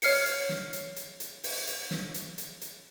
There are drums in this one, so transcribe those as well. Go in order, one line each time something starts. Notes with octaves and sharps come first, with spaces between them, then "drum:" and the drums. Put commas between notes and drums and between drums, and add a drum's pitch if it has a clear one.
C#5 F6 C7 C#7, drum: open hi-hat
drum: hi-hat
drum: snare
drum: hi-hat
drum: hi-hat
drum: hi-hat
drum: open hi-hat
drum: hi-hat
drum: snare
drum: hi-hat
drum: hi-hat
drum: hi-hat